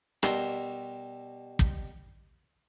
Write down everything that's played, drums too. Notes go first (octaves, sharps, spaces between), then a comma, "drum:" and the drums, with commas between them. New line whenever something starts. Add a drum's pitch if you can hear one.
B2 G3 A#4 E5 C6, drum: rim click
drum: kick